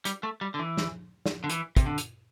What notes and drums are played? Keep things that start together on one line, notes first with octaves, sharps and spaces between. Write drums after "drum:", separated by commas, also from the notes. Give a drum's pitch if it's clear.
G3, drum: hi-hat
A3
G3
D3
E3
drum: snare
drum: snare
D3
E3, drum: hi-hat
C3, drum: kick, hi-hat
D3
drum: hi-hat